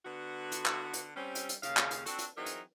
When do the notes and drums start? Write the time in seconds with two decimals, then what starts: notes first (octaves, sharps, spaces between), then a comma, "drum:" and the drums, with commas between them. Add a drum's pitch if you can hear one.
0.05 D3 B3 F#4
0.52 drum: hi-hat
0.66 drum: clap
0.93 drum: hi-hat
1.16 G3 C4 C#4
1.35 drum: hi-hat
1.49 drum: hi-hat
1.63 D#2 C#3 F5, drum: hi-hat
1.77 drum: clap
1.91 drum: hi-hat
2.06 C4 D4 F#4 A4, drum: hi-hat
2.18 drum: hi-hat
2.37 E3 F#3 C4 D#4 G#4 A#4
2.46 drum: hi-hat